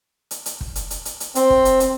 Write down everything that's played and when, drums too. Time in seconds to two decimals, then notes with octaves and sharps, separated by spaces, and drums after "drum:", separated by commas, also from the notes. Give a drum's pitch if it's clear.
0.31 drum: hi-hat
0.46 drum: hi-hat
0.61 drum: kick
0.76 drum: hi-hat
0.90 drum: hi-hat
1.05 drum: hi-hat
1.20 drum: hi-hat
1.35 C4, drum: hi-hat
1.50 drum: kick
1.65 drum: hi-hat
1.80 drum: hi-hat